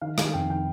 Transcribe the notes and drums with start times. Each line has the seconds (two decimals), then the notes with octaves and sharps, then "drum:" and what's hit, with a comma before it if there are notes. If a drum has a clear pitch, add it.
0.01 D#3 F5
0.18 D#3 F5, drum: rim click
0.34 F1 G5
0.50 D#3 G5